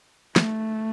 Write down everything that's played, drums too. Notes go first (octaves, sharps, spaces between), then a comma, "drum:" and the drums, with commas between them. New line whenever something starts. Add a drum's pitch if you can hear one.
A3, drum: snare